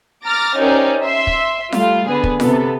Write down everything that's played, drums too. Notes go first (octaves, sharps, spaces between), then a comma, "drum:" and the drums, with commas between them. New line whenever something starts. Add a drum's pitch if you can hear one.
A#5 D6 F6 A6 A#6
C#4 D#4 G4 A#4 C5 D5
E5 C6
drum: kick
G3 A3 F4, drum: snare F4
D3 B3 G#4 B4
drum: kick
C3 B3 A4, drum: snare F4